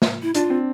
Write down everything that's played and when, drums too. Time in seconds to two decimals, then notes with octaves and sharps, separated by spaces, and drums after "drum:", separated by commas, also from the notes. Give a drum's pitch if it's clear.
0.02 drum: snare
0.22 E4
0.35 D4 F4, drum: hi-hat
0.50 C4